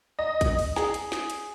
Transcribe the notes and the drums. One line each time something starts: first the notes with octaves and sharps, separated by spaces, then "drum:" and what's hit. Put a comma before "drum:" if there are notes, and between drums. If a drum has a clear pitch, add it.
D#5
drum: kick, hi-hat
drum: open hi-hat
G#4, drum: snare
drum: hi-hat
drum: snare
drum: hi-hat